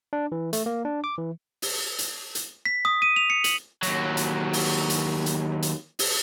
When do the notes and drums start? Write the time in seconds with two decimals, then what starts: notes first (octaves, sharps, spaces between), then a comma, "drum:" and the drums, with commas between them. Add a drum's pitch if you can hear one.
0.13 D4
0.32 E3
0.53 A3, drum: hi-hat
0.66 A#3
0.85 D4
1.04 D6
1.18 E3
1.62 drum: open hi-hat
1.99 drum: hi-hat
2.35 drum: hi-hat
2.65 B6
2.85 D#6
3.02 D#7
3.16 F7
3.30 C#7
3.44 F#7, drum: hi-hat
3.83 D#2 F#3, drum: hi-hat
4.17 drum: hi-hat
4.53 drum: open hi-hat
4.90 drum: hi-hat
5.26 drum: hi-hat
5.62 drum: hi-hat
5.99 drum: open hi-hat